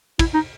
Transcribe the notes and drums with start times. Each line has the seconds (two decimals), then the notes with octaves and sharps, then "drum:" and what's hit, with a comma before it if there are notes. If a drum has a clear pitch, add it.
0.19 E4, drum: kick, cymbal
0.34 D#4